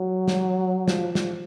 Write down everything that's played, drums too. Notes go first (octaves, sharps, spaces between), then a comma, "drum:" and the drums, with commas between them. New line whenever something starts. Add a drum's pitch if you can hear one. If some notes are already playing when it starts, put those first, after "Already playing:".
Already playing: F#3
drum: snare
F3, drum: snare
drum: snare